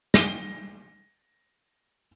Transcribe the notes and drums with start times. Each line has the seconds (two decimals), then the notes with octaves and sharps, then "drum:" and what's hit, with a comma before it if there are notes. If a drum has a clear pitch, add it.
0.14 A#6 G7, drum: snare